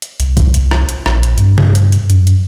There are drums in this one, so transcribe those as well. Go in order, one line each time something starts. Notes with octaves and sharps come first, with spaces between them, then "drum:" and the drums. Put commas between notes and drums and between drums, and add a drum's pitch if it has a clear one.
drum: hi-hat
C2, drum: hi-hat
drum: kick, hi-hat
drum: hi-hat
drum: rim click
drum: hi-hat
A#1, drum: rim click
drum: hi-hat
G2, drum: hi-hat
drum: tom C3
drum: hi-hat
drum: hi-hat
F#2, drum: hi-hat
drum: hi-hat